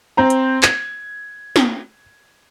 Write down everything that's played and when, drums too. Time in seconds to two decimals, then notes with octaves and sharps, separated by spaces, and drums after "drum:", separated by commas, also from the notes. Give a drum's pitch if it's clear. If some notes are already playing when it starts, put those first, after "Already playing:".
0.17 C4 C5 A#5
0.30 drum: hi-hat
0.63 G#6, drum: clap
1.56 drum: snare